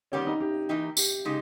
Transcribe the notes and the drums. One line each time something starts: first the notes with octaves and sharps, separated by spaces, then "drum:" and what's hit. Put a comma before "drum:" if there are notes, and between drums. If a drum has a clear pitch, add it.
D#3 G3 B3 C#4 G4
D#4
G4
E3 A#3 D#4 G4
G4, drum: tambourine
C#3 G#3 D#4 G4